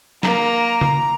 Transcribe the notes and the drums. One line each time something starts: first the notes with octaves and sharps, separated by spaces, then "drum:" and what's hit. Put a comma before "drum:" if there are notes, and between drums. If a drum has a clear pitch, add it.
A#3 A#5, drum: snare
drum: tom